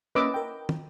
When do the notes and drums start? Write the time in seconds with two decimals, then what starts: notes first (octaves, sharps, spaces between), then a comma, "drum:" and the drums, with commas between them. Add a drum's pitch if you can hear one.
0.15 A#3 C#4 B4 D#5 D6 E6
0.34 A#4 G5
0.69 drum: tom